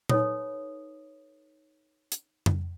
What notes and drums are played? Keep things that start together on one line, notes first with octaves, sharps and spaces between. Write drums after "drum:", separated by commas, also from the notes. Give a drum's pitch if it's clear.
D#4 A4 B4 C#5 B5 D#6, drum: tom A#2
drum: hi-hat
drum: tom F2